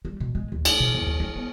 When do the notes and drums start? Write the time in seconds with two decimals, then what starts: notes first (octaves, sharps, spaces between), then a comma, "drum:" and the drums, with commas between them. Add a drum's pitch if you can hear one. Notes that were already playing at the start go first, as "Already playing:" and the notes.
0.05 G3
0.20 B2
0.35 G#3
0.52 D#2
0.65 A3, drum: cymbal
0.80 B2
0.95 E2
1.06 D#2
1.20 D4
1.36 B3